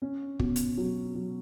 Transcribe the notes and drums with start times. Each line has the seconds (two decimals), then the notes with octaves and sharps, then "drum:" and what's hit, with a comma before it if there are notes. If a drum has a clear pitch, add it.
0.02 C#4
0.39 B2, drum: kick
0.56 drum: hi-hat
0.78 F#3
1.15 F#3